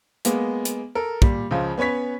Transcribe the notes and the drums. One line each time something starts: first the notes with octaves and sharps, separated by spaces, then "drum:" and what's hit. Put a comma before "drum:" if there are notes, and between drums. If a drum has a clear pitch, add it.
G#3 A#3 B3, drum: hi-hat
drum: hi-hat
A4 A#4
A#2 G3, drum: kick
C#2 C#3 F3
B3 C#4 B4 C#5 B6